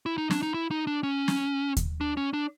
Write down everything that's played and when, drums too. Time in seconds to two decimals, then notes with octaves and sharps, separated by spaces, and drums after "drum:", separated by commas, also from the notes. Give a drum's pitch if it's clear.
0.06 E4
0.18 D#4
0.31 D4, drum: snare
0.43 D#4
0.54 E4
0.71 D#4
0.87 D4
1.03 C#4
1.28 drum: snare
1.77 drum: kick D#2, hi-hat
2.01 D4
2.17 C#4
2.33 D4